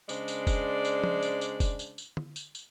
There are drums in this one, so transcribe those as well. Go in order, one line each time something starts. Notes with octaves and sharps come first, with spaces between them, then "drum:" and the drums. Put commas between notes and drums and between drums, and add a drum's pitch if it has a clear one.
C#3 G#3 D4 C5 D5, drum: tambourine
drum: tambourine
drum: kick, tambourine
drum: tambourine
drum: tom
drum: tambourine
drum: tambourine
drum: kick, tambourine
drum: tambourine
drum: tambourine
drum: tom
drum: tambourine
drum: tambourine